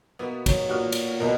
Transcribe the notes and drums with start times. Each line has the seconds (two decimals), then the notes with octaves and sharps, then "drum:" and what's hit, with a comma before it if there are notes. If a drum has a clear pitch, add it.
0.19 B2 A#3 B3 E4
0.46 F#3, drum: kick, cymbal
0.69 A#2 B3 F#4 A#4 F6
0.92 drum: cymbal
1.20 C2 B2 A3 A#4